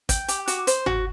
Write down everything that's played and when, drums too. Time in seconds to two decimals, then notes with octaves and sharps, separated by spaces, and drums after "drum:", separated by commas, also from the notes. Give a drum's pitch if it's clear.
0.09 G5, drum: kick, hi-hat
0.28 G4, drum: hi-hat
0.48 F#4, drum: hi-hat
0.67 C5, drum: hi-hat
0.86 F#4, drum: tom